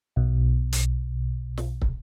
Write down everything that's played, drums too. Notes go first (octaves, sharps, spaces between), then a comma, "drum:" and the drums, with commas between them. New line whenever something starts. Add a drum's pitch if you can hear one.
B1 B2
drum: hi-hat
drum: snare
drum: kick